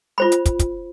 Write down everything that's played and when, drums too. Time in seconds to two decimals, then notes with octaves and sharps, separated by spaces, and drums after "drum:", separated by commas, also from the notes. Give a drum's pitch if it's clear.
0.18 F4 C5 B5
0.32 drum: hi-hat
0.46 drum: kick, hi-hat
0.59 drum: kick, hi-hat